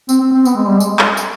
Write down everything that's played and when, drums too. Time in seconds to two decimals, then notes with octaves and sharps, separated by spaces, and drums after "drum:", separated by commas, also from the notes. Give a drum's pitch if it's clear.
0.09 C4, drum: tambourine
0.21 C4
0.32 C4
0.45 B3, drum: tambourine
0.56 G#3
0.68 G3
0.80 G#3, drum: tambourine
0.99 drum: clap
1.17 drum: tambourine